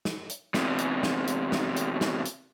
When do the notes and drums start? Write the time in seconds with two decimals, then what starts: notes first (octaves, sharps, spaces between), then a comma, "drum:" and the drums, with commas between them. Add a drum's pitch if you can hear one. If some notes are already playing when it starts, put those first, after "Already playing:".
0.05 drum: snare
0.30 drum: hi-hat
0.54 E2 C3, drum: snare
0.79 drum: hi-hat
1.03 drum: snare
1.28 drum: hi-hat
1.52 drum: snare
1.77 drum: hi-hat
2.01 drum: snare
2.26 drum: hi-hat